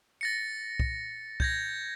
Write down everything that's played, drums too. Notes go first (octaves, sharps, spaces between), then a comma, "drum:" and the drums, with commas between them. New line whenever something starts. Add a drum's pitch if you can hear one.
A6 A#6 C#7
drum: kick
G6 G#6 A#6, drum: kick